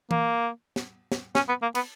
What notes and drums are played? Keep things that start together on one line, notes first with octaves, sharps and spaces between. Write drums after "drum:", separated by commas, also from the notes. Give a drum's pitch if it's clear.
A#3, drum: tom E3
drum: snare
drum: snare
C#4, drum: snare
B3
A#3
B3, drum: cymbal